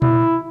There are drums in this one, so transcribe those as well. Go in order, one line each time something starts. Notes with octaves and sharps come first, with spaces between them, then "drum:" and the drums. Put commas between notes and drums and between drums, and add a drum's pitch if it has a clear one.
E4, drum: tom A#2